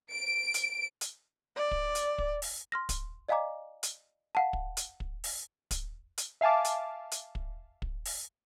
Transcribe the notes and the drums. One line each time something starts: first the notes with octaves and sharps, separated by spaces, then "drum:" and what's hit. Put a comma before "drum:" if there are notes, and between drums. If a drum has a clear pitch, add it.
D7
drum: hi-hat
drum: hi-hat
D5
drum: kick
drum: hi-hat
drum: kick
drum: open hi-hat
C6 F6 A#6
drum: kick, hi-hat
D5 D#5 F5 G#5 A#5 D6
drum: hi-hat
F5 F#5 A5
drum: kick
drum: hi-hat
drum: kick
drum: open hi-hat
drum: kick, hi-hat
drum: hi-hat
E5 F5 G#5 A5 D6
drum: hi-hat
drum: hi-hat
drum: kick
drum: kick
drum: open hi-hat